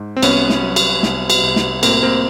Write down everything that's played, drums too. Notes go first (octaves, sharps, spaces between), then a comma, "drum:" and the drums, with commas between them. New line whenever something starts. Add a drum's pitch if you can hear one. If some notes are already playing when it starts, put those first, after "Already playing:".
Already playing: G#2
C4
C2 B3 C#4, drum: cymbal
drum: snare
F#3
drum: cymbal
C2, drum: snare
drum: cymbal
C2
drum: snare
A2 A#3 C4, drum: cymbal
A#3 C4